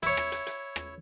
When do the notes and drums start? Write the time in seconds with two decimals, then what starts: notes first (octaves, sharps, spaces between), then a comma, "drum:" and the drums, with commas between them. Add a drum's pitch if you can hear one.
0.03 E4 C#5, drum: hi-hat
0.17 drum: rim click
0.32 drum: hi-hat
0.47 drum: hi-hat
0.76 drum: rim click